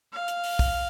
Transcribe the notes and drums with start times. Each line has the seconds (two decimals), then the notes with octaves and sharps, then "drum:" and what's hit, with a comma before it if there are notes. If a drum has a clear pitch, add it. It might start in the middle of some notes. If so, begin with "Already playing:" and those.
0.13 F5
0.28 drum: hi-hat
0.44 drum: open hi-hat
0.59 drum: kick, open hi-hat